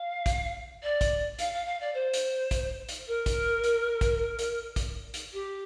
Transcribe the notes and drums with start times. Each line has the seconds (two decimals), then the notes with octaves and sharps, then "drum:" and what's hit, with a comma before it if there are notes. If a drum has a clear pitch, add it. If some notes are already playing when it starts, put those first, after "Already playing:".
Already playing: F5
0.26 drum: kick, hi-hat
0.82 D5
1.01 drum: kick, hi-hat
1.39 F5, drum: hi-hat
1.53 F5
1.66 F5
1.81 D5
1.94 C5
2.13 drum: hi-hat
2.51 drum: kick, hi-hat
2.89 drum: hi-hat
3.07 A#4
3.26 drum: kick, hi-hat
3.64 drum: hi-hat
4.01 drum: kick, hi-hat
4.39 drum: hi-hat
4.76 drum: kick, hi-hat
5.14 drum: hi-hat
5.33 G4